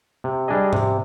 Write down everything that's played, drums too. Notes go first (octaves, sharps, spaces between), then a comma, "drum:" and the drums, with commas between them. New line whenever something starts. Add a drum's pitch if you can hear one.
C3
G3 D4 G#4 D#5
C3, drum: tom G#2